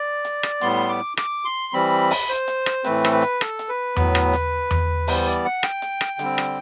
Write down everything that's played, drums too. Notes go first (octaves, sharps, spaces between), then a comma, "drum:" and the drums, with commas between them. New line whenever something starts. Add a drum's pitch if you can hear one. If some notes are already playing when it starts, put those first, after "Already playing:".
Already playing: D5
drum: hi-hat
drum: rim click
A2 G3 B3 C6, drum: hi-hat
D6
D6, drum: rim click
C6
E3 G3 C4 B5
drum: open hi-hat
C5
drum: hi-hat
drum: rim click
A2 E3 A3 C4 B4, drum: hi-hat
A4, drum: rim click
B4
drum: hi-hat
A4, drum: rim click
drum: hi-hat
B4
A2 F#3 B3, drum: tom E2
drum: rim click
drum: hi-hat
drum: tom E2
E3 G3 B3 C5, drum: open hi-hat
D5
F#5
G5, drum: rim click
drum: hi-hat
drum: rim click
D3 G3 C4, drum: hi-hat
drum: rim click